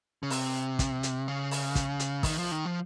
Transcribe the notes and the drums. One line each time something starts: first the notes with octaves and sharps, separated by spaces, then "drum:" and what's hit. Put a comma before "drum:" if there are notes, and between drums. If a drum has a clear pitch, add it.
C#3
C3, drum: open hi-hat
drum: kick, hi-hat
drum: hi-hat
C#3
drum: open hi-hat
drum: kick, hi-hat
drum: hi-hat
D#3, drum: kick, open hi-hat
F3
D#3
F3